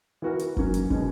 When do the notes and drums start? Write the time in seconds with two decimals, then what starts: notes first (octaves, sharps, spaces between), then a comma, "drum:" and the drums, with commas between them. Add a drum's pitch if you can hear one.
0.22 E3 B3 F#4 A#4
0.39 drum: hi-hat
0.57 G#2 F#3 A#3 C#4, drum: kick
0.74 drum: hi-hat
0.90 B2 G#3 C#4, drum: kick